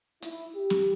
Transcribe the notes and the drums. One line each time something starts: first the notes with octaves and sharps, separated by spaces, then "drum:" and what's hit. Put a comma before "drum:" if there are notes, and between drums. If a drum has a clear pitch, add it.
E4, drum: hi-hat
G4
drum: snare